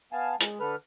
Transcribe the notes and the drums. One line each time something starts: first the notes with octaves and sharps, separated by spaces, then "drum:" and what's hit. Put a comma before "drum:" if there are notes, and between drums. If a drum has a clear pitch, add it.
B3 F5 G#5 A5
G#3, drum: hi-hat
D3 A4 B4 F6